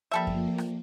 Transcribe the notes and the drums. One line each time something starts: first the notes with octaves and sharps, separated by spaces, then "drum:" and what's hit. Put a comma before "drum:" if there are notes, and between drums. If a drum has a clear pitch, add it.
F3 G3 A#3 A4 E5
drum: kick F#2
drum: rim click